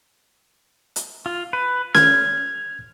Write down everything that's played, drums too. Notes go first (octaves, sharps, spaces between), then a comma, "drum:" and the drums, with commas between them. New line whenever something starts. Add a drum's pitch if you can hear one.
drum: hi-hat
F4
B4
F6 G#6, drum: snare C#4